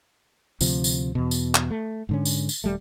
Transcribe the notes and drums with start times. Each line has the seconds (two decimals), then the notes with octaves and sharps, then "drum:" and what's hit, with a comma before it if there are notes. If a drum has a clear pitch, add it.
0.61 D2 C3 F3, drum: tambourine
0.84 drum: tambourine
1.15 E2 B2
1.31 drum: tambourine
1.55 drum: clap
1.71 A3
2.09 G#2 D3 C#4
2.25 drum: tambourine
2.49 drum: tambourine
2.64 D#1 G3 A3